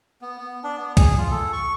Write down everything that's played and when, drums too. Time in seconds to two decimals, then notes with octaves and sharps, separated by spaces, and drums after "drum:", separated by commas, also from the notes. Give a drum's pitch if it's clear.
0.22 B3
0.38 B3
0.64 D4
0.78 B3
0.97 G#4, drum: kick C2, hi-hat
1.18 F4
1.31 A4
1.53 C#6